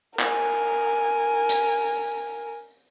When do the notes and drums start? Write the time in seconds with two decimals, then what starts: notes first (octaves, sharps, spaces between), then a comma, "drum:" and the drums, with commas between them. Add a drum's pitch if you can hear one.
0.19 A#4 G#5, drum: clap
1.49 drum: hi-hat